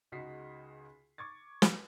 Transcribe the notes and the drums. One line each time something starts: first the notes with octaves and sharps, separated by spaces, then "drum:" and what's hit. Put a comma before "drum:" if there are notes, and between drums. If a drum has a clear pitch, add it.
C#2 C#3 D#4 F#4 B6 C7
C#6 D6 G#6 A6
drum: snare